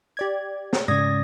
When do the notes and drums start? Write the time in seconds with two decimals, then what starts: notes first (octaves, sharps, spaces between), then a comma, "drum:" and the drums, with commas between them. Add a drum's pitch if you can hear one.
0.17 G4 D5 G#6
0.73 drum: snare
0.88 G#2 C#3 D5 D#6 G#6 A#6